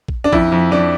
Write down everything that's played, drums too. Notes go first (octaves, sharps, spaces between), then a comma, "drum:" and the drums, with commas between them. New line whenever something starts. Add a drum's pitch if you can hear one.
drum: kick
D4
F2 E4, drum: kick
F2
F2 D4